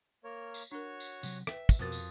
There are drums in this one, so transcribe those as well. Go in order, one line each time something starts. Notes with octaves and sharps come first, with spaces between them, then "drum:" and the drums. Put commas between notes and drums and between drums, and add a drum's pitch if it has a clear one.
A#3 A#4 C#5
drum: tambourine
D4 F#4 A#4 C#5 C#6
drum: tambourine
C3 F#3, drum: tambourine
B4 E5 G5 E6, drum: rim click
drum: kick, tambourine
F2 B2 F#4 A#4 C5 D#6 A6
drum: tambourine